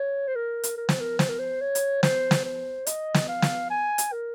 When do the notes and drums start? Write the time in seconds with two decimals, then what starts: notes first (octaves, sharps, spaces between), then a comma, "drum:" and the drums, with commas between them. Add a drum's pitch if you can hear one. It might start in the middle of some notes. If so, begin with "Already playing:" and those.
Already playing: C#5
0.28 C5
0.36 A#4
0.63 drum: hi-hat
0.77 A#4
0.89 C5, drum: snare
1.00 A#4
1.19 C5, drum: snare
1.29 A#4
1.39 C5
1.61 C#5
1.75 drum: hi-hat
2.03 C5, drum: snare
2.31 drum: snare
2.45 C5
2.87 D#5, drum: hi-hat
3.14 drum: snare
3.28 F5
3.42 drum: snare
3.70 G#5
3.98 drum: hi-hat
4.12 A#4